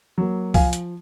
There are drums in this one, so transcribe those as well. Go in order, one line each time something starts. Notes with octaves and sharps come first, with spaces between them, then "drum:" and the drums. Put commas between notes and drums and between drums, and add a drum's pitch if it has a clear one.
F#3 A#3
F3 F5 G#5, drum: kick C2, open hi-hat
drum: hi-hat